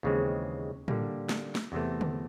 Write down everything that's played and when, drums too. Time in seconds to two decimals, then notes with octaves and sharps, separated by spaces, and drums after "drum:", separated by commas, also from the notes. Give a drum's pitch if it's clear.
0.03 D#2 C#3 E3 G#3 C4
0.88 D3 G3 A#3, drum: tom A2
1.29 drum: snare
1.55 drum: snare
1.72 E2 C3 E3 A3
2.01 drum: tom D3